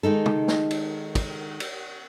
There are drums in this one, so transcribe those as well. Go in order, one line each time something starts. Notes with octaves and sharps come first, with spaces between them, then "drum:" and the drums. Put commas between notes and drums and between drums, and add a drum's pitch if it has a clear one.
D#3 G#3 D#4 A4
drum: tom
drum: snare
drum: cymbal
drum: kick, cymbal
drum: cymbal